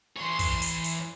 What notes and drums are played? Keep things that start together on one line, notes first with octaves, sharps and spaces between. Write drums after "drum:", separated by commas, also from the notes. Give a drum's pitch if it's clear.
E3 C#5 C6
drum: kick, open hi-hat
drum: hi-hat
drum: hi-hat